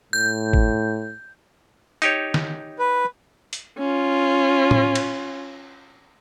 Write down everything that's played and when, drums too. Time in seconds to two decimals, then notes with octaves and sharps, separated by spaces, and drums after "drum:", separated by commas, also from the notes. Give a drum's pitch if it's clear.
0.13 A2 G6
0.53 drum: kick G#1
2.02 D#4 G4 C#5, drum: hi-hat
2.34 drum: snare D#3
2.79 B4
3.53 drum: hi-hat
3.79 C#4 F4
4.71 drum: tom A2
4.95 drum: cymbal